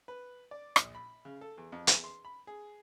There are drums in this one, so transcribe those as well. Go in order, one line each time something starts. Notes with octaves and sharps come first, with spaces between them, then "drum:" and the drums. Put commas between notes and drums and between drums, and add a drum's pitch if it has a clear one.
B4
D5
A#1, drum: rim click
B5
C#3
A4
E2
F2
E2, drum: hi-hat
C6
B5
G#4